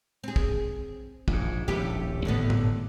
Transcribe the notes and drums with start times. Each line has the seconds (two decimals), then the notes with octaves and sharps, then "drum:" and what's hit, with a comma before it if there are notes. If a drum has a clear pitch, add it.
0.24 C4 G#4
0.36 drum: kick
1.28 A#1 G#2, drum: kick
1.68 D#1 A#1 A2 E4 G4
2.25 G#1 A2 D3 B3
2.50 drum: tom A2